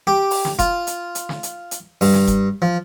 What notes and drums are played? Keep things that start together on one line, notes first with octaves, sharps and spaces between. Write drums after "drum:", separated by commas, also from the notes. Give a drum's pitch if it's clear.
G4
drum: open hi-hat
drum: snare
F4, drum: kick F1, hi-hat
drum: hi-hat
drum: hi-hat
drum: snare
drum: hi-hat
drum: hi-hat
G2, drum: open hi-hat
drum: snare
drum: kick F1, hi-hat
F3